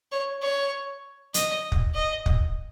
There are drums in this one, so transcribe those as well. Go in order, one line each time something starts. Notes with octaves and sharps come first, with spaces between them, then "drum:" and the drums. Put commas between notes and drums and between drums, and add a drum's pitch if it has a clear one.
C#5
C#5
D#5, drum: hi-hat
drum: kick
D#5
drum: kick